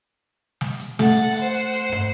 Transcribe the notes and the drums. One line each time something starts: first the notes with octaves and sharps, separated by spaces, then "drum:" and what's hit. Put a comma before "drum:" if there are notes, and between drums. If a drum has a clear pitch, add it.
drum: snare
drum: hi-hat
A3 F#5 A6, drum: snare
drum: hi-hat
C5 F#5, drum: hi-hat
drum: hi-hat
drum: hi-hat
drum: tom